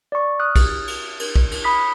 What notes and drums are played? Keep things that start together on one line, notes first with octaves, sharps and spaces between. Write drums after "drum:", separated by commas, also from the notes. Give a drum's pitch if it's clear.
D5 C#6
D#6 F6 F#6
drum: kick, cymbal
drum: cymbal
drum: cymbal
drum: kick
drum: cymbal
B5 D#6 B6